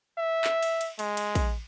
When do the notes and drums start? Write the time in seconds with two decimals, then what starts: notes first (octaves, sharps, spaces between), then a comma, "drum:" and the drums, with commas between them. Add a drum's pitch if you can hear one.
0.18 E5
0.44 drum: clap
0.62 drum: cymbal
0.81 drum: cymbal
0.99 G#3, drum: cymbal
1.17 drum: cymbal
1.35 drum: kick, cymbal